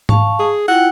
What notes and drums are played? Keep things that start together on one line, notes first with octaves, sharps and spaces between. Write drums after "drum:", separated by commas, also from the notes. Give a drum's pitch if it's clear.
F5 A5 C#6, drum: tom G#2
G#4
E4 F4 F#5 G5